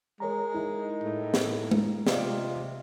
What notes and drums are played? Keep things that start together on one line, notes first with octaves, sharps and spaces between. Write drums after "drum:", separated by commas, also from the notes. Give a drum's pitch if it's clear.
G#3 A#4 C#5 A#5
D#4 E4 A#4
A2
drum: snare
drum: tom G#3
C3 F4 D5 D#5 F5, drum: snare